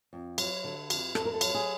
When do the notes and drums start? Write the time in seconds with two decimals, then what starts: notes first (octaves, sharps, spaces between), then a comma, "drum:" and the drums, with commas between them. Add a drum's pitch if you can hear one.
0.13 F2
0.38 F#3, drum: cymbal
0.64 D3
0.90 F2, drum: cymbal
1.15 F2 A4, drum: rim click
1.25 A#4
1.34 A4
1.41 F#3, drum: cymbal
1.54 G#4